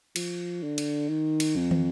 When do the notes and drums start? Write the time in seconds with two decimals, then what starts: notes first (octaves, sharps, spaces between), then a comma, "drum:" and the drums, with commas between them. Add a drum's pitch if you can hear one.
0.16 F3, drum: cymbal
0.63 D3
0.78 drum: cymbal
1.09 D#3
1.40 drum: cymbal
1.56 F2
1.71 drum: tom